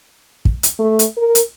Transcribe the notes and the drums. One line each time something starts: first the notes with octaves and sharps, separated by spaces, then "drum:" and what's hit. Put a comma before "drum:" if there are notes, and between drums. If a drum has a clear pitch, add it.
drum: kick
drum: hi-hat
A3
drum: hi-hat
A#4
drum: hi-hat